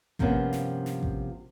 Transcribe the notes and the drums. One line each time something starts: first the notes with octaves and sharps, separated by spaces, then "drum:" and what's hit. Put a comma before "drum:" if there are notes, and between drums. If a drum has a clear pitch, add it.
G2 C3 F3 A#3 B3 C#4, drum: kick A1
drum: snare
drum: snare
drum: kick A1